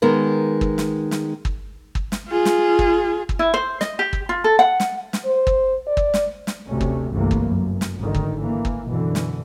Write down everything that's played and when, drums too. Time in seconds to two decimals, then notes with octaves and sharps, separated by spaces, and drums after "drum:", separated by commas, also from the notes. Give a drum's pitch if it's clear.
0.02 D#3 G#3 B3 A#4
0.61 drum: kick
0.78 drum: snare
1.11 drum: snare
1.45 drum: kick
1.95 drum: kick
2.12 drum: snare
2.29 F4 G#4
2.45 drum: snare
2.79 drum: kick
3.29 drum: kick
3.39 E4
3.54 C5
3.81 D#5, drum: snare
3.99 G4
4.13 drum: kick
4.29 F4
4.44 A4
4.59 F#5
4.80 drum: snare
5.13 drum: snare
5.26 C5
5.47 drum: kick
5.87 D5
5.97 drum: kick
6.14 drum: snare
6.47 drum: snare
6.68 D2 C3 A3 C#4
6.81 drum: kick
7.11 G1 C2 C3 E3 A3 A#3
7.31 drum: kick
7.44 F#2
7.81 drum: snare
7.98 G#1 A2 D3 D#3
8.15 drum: kick
8.42 E3 A#3
8.65 drum: kick
8.90 F#2 B2 D3 E3
9.15 drum: snare